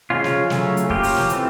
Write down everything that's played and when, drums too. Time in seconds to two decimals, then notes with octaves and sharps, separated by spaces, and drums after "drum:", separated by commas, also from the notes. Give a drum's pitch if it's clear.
0.10 C#3 F3 G#3 C#4 F4
0.24 drum: snare
0.50 C#3 F#3 A3 C#4, drum: snare
0.77 drum: hi-hat
0.90 F3 A#3 C#4 F4 G4, drum: kick
1.03 drum: open hi-hat
1.16 drum: snare
1.30 E3 A3 C4, drum: hi-hat